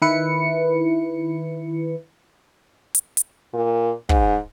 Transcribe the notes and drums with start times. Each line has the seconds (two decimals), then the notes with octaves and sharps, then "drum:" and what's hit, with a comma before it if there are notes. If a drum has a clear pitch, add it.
0.02 D#3 E4 B4 C#7
2.95 drum: hi-hat
3.17 drum: hi-hat
3.54 A#2
4.09 G#2, drum: kick